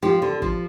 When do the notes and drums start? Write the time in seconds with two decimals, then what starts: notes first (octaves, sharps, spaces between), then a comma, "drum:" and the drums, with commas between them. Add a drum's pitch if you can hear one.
0.02 F3 G4
0.22 D3
0.42 F3, drum: kick